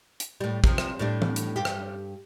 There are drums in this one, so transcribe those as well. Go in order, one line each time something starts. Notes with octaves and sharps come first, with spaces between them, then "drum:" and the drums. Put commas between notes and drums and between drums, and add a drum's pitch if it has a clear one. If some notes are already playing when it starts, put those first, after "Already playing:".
drum: hi-hat
A2 G3
C3 F3, drum: kick
drum: rim click
A2 G3 D4
drum: tom
drum: hi-hat
G2 G4
drum: rim click